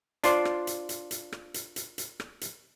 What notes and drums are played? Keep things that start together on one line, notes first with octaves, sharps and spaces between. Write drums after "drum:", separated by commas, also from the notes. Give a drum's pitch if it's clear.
D4 F4 C5 D5, drum: hi-hat
drum: rim click
drum: hi-hat
drum: hi-hat
drum: hi-hat
drum: rim click
drum: hi-hat
drum: hi-hat
drum: hi-hat
drum: rim click
drum: hi-hat